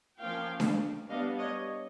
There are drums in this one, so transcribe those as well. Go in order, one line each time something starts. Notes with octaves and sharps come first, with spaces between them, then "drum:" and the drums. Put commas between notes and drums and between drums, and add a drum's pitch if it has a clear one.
F3 A#3 C#4 F5 G5
drum: snare D4
G3 B3 D4 D#5 F5
C#5 D#5